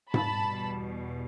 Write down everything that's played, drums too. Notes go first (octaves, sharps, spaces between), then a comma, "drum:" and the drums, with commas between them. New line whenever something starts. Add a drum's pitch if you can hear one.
E2 B2 G3 A5 B5, drum: tom G#2